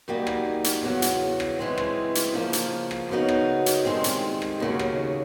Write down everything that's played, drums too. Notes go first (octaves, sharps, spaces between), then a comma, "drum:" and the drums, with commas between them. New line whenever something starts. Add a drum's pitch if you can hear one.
F#2 D#3 G3 A#3 D#4
drum: rim click
drum: hi-hat
E2 C#3 F#3
drum: hi-hat
drum: rim click
C#3 E3 G#3 C4
drum: rim click
drum: hi-hat
C#3 F3 A#3
drum: hi-hat
drum: rim click
F#2 C#3 F#3 B3 D#4
drum: rim click
drum: hi-hat
G2 D#3 G#3 C4
drum: hi-hat
drum: rim click
D#2 C#3 F#3
drum: rim click